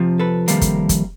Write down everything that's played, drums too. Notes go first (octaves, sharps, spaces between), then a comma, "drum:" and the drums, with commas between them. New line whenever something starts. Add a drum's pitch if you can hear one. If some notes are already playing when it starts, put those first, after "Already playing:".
Already playing: F2 C3 F3
A4 B4
F2 C3 D#3 G3 A#3, drum: hi-hat
drum: kick, hi-hat
drum: kick, hi-hat